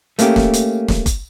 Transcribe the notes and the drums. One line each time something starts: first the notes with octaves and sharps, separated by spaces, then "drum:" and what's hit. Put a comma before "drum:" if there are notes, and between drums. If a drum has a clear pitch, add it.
A3 A#3 C#4 G4, drum: hi-hat
drum: snare
drum: hi-hat
drum: snare
drum: kick G1, hi-hat